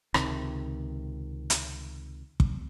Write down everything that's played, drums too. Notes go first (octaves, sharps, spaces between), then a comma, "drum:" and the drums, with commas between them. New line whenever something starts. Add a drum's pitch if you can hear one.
C#2 C3 D#3, drum: rim click
drum: hi-hat
drum: kick